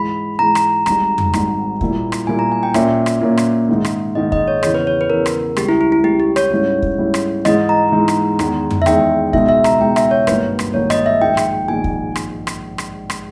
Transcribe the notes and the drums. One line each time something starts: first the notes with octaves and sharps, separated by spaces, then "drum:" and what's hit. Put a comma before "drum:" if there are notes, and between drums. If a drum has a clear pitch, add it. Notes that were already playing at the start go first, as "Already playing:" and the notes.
Already playing: G#2 E3 G#3 B5
G#2 E3 G#3 A#5
drum: rim click
G#1 G#2 D#3 G3 A#5, drum: rim click
drum: tom F2
G#1 G#2 D#3 G3, drum: rim click
A#2 G3 A#3 E4, drum: kick
drum: rim click
A#2 G3 A#3 E4 G#5
A#5
G#5
G5
A#2 A#3 C#4 E5, drum: rim click
drum: rim click
A#2 A#3 C#4
drum: rim click
G#2 D#3 G#3 D#4
drum: rim click
G#2 D#3 G#3 D#4 D#5
D#5, drum: kick
C#5
E2 C#3 E3 C#5, drum: rim click
B4
C#5
B4
E2 C#3 E3 A#4
drum: rim click
C#2 C#3 G3 G4, drum: rim click
E4
E4
E4
C#2 C#3 G3 G4
G4
C#5, drum: rim click
G#2 G3 C#4 E4
drum: kick
G#2 G3 C#4 E4
drum: rim click
G#2 E3 G#3 D#4 D#5, drum: rim click
A#5
G#2 E3 G#3 D#4
drum: rim click
E2 D#3 G#3, drum: rim click
drum: tom F2
E5
E2 D#3 G#3 G5, drum: rim click
C#2 B2 G#3 D#4 E5, drum: kick
E5
A#5, drum: rim click
C#2 B2 G#3 D#4 G5
E5, drum: rim click
C#5
G#1 G2 D#3 A#3 B4, drum: rim click
drum: rim click
G#1 G2 D#3 A#3 C#5
D#5, drum: rim click
E5
A#1 G#2 D#3 G5
drum: rim click
A#1 G#2 D#3 G#5
drum: kick
drum: rim click
drum: rim click
drum: rim click
drum: rim click